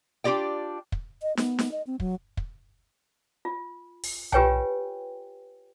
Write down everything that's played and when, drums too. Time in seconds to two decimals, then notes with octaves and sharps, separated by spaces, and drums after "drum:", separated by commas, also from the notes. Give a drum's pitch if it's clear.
0.24 D4 F4 G4 D5 G5
0.92 drum: kick
1.22 D#5
1.37 B3, drum: snare
1.59 drum: snare
1.72 D#5
1.87 C4
2.00 F#3, drum: kick
2.37 drum: kick
3.45 F4
4.04 drum: open hi-hat
4.32 F4 G4 B4 C#5 G5 G#5, drum: tom B1